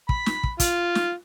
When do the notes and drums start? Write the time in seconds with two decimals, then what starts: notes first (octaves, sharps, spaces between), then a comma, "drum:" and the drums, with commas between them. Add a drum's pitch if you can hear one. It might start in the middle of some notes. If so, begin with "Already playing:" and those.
0.09 B5, drum: kick
0.26 drum: snare
0.44 drum: kick
0.60 F4, drum: kick, hi-hat
0.95 drum: snare